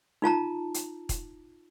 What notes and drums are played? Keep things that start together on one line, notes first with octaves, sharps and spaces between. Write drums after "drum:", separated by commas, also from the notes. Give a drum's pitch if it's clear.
D#4 F4 A5 A#5
drum: hi-hat
drum: kick E1, hi-hat